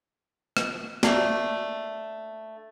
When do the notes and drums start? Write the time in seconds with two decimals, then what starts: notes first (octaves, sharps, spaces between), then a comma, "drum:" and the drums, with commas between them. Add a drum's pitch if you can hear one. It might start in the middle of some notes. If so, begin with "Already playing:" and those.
0.57 drum: rim click
1.03 A3 A#3 D4, drum: snare